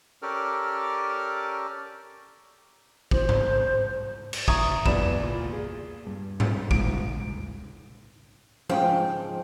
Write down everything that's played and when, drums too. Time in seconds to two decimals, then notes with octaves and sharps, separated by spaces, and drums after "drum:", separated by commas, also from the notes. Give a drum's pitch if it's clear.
0.22 C#4 G4 A4 A#4 D5 F6
3.11 C5, drum: kick
3.29 drum: tom G#2
4.33 drum: cymbal
4.48 E5 A#5 C#6 D#6 G#6, drum: kick
4.86 F#1 E2 E3 D5 B5 E7, drum: kick
5.23 A#2
5.53 G#4
6.07 G2
6.40 drum: tom G#2
6.71 D#1 G#2 D7, drum: kick
8.69 G#2 F3 G5, drum: tom F3